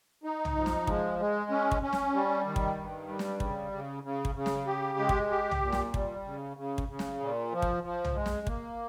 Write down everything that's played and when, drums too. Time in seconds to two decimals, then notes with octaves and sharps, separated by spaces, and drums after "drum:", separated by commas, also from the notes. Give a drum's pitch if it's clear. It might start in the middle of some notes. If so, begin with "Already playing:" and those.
0.24 D#4
0.45 drum: tom B1
0.56 F3
0.66 drum: snare
0.87 G#3, drum: kick
1.19 G#3
1.51 C#4
1.72 drum: kick
1.82 C#4
1.93 drum: snare
2.14 G3
2.45 D#3
2.56 drum: kick
2.77 G2
3.08 G3
3.19 drum: snare
3.40 C#3, drum: kick
3.72 C#3
4.03 C#3
4.25 drum: kick
4.35 C#3
4.46 drum: snare
4.67 G4
4.99 G#3
5.09 drum: kick
5.30 G4
5.51 drum: tom B1
5.62 A#2
5.72 drum: snare
5.94 G3, drum: kick
6.25 C#3
6.57 C#3
6.78 drum: kick
6.88 C#3
6.99 drum: snare
7.20 A#2
7.52 F3
7.62 drum: kick
7.83 F3
8.05 drum: tom B1
8.15 G#3
8.26 drum: snare
8.47 A#3, drum: kick